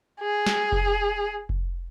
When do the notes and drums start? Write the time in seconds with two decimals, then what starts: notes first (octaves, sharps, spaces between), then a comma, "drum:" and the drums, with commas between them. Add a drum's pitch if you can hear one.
0.21 G#4
0.46 drum: snare
0.72 drum: kick F1
1.49 drum: kick F1